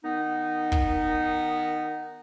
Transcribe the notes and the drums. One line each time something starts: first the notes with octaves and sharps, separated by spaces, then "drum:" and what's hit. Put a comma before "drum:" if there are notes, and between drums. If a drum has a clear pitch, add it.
D#3 B3 D#4
drum: kick